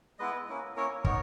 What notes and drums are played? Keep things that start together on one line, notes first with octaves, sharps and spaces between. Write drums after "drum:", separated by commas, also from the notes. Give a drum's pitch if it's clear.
G#3 B3 E4 B4 D#5
A#3 C#4 E4
A#3 C#4 E4 A#4 C#5
B3 D#4 A#4 C#5, drum: kick